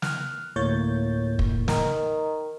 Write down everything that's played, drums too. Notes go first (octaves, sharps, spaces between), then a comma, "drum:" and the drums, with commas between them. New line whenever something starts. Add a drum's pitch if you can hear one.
F6 F#6, drum: snare
D2 A2 A#3 C#5 G6 A6
drum: kick
D#3 A#4, drum: snare